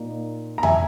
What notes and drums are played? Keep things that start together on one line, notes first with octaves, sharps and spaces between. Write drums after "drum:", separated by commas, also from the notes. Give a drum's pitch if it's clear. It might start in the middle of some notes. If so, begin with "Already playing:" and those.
Already playing: A#2 A#3 D#4
A#5
E5 G#5, drum: tom E2